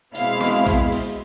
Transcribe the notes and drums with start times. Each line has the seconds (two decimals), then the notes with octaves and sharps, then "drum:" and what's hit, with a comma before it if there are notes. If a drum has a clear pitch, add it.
0.15 B2 G#3 C4 E4 F5, drum: hi-hat
0.41 drum: rim click
0.66 drum: kick, hi-hat
0.92 drum: open hi-hat